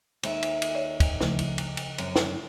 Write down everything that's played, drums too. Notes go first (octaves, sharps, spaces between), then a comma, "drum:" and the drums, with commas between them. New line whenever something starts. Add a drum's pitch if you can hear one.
D#2 E5, drum: cymbal
drum: cymbal
drum: cymbal
C#5 D5
drum: kick, cymbal
C#3 F3 A3, drum: snare
drum: cymbal
drum: cymbal
drum: cymbal
F#2 C3, drum: cymbal
drum: snare